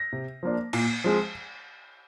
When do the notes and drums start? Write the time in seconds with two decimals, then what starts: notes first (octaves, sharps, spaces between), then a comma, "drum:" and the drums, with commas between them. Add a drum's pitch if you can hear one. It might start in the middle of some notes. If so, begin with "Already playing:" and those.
Already playing: A#6
0.13 C3
0.43 F3 A#3 D4
0.73 A#2, drum: cymbal
1.04 F3 G#3 C4